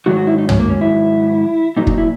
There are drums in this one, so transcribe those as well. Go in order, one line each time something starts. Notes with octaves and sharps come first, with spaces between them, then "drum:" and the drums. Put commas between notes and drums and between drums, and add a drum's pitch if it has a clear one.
G#2 D#3 F#3 F#4
F#4
E4
D#4
C#4, drum: tom
A#3
C#4
E4
A#2 F#3 D#4
D#4, drum: kick
E4